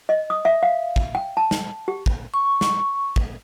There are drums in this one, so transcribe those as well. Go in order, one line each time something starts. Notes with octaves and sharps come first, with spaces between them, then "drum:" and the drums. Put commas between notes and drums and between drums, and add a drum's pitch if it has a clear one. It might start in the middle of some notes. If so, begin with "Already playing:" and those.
D#5
D#6
E5
F5
drum: kick
G5
A5
drum: snare
G4
drum: kick
C#6
drum: snare
drum: kick